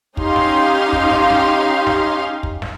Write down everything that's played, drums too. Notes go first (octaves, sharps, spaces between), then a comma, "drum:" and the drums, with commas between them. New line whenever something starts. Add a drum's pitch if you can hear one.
C#4 D#4 G4 F5 C6, drum: kick
drum: snare
drum: kick
drum: snare
drum: snare
drum: snare
drum: kick
drum: snare